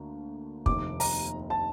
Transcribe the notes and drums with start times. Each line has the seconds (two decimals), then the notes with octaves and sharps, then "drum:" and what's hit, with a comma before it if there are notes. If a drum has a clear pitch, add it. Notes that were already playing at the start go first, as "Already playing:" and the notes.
Already playing: D2 D3 A#3
0.66 F1 D#2 D#3 D6, drum: kick
1.00 A#5, drum: open hi-hat
1.50 A5